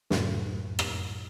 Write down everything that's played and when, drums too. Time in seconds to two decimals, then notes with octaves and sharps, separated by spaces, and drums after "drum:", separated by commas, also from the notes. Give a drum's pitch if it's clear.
0.10 C#2 F#2 A2, drum: snare
0.79 drum: rim click